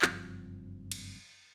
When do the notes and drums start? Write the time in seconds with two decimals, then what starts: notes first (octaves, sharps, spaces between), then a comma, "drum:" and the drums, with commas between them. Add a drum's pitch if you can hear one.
0.02 F#1 G2 F3 C4, drum: clap
0.92 drum: cymbal